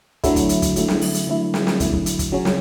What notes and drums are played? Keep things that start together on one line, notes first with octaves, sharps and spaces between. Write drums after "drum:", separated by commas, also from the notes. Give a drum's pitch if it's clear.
D3 F#3 A3 E4, drum: kick, hi-hat
drum: kick, hi-hat
drum: hi-hat
drum: kick, hi-hat
D3 F#3 A3 E4, drum: hi-hat
drum: snare
drum: open hi-hat
drum: hi-hat
D3 F#3 A3 E4
drum: snare
drum: snare
D3 F#3 A3 E4, drum: kick, hi-hat
drum: kick
drum: hi-hat
drum: kick, hi-hat
C#3 F#3 C#4
drum: snare